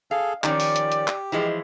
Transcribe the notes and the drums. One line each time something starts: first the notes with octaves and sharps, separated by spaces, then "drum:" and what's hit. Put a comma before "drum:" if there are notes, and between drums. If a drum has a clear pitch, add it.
G#4 A4 F5
D#3 F3 C#4 G4 D5, drum: clap
drum: open hi-hat
drum: hi-hat
drum: hi-hat
drum: clap
E3 F3 G#3